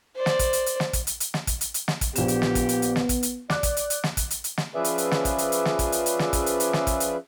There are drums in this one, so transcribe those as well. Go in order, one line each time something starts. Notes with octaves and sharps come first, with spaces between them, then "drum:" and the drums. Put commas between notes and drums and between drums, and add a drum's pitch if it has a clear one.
C5 D5
drum: snare
drum: kick, hi-hat
drum: hi-hat
drum: hi-hat
drum: snare
drum: kick, hi-hat
drum: hi-hat
drum: hi-hat
drum: snare
drum: kick, hi-hat
drum: hi-hat
drum: hi-hat
drum: snare
drum: kick, hi-hat
A#1 A#2 B3 F#4 G4 E7, drum: hi-hat
drum: hi-hat
drum: snare
drum: kick, hi-hat
drum: hi-hat
drum: hi-hat
drum: snare
drum: kick, hi-hat
drum: hi-hat
D5 D6 F#6, drum: snare
drum: kick, hi-hat
drum: hi-hat
drum: hi-hat
drum: snare
drum: kick, hi-hat
drum: hi-hat
drum: hi-hat
drum: snare
F3 C#4 G#4 B4 D5 E5
drum: hi-hat
drum: hi-hat
drum: snare
drum: kick, hi-hat
drum: hi-hat
drum: hi-hat
drum: snare
drum: kick, hi-hat
drum: hi-hat
drum: hi-hat
drum: snare
drum: kick, hi-hat
drum: hi-hat
drum: hi-hat
drum: snare
drum: kick, hi-hat
drum: hi-hat